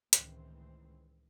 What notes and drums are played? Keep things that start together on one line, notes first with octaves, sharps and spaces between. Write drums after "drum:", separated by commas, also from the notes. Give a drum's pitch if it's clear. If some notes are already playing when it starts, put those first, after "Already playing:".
C#2 A2 D#3 E3 C4, drum: hi-hat